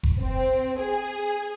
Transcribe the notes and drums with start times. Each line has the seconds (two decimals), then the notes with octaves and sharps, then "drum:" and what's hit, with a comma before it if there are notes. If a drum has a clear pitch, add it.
0.03 drum: kick F1
0.19 C4
0.78 G#4